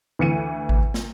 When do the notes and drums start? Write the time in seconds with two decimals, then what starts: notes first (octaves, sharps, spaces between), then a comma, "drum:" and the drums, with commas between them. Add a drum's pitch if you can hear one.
0.19 D2 E3 C#7 D#7
0.69 drum: kick G#1
0.94 drum: snare